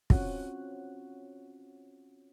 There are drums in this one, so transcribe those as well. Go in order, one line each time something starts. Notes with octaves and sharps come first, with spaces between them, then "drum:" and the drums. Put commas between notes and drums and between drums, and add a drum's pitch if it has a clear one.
C4 C#4 F4 F#4 C#5 F#5, drum: kick